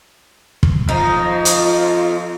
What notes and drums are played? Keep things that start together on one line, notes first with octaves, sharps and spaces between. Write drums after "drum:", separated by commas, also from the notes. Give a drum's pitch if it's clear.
drum: kick
F2 F3 D#4
F4, drum: hi-hat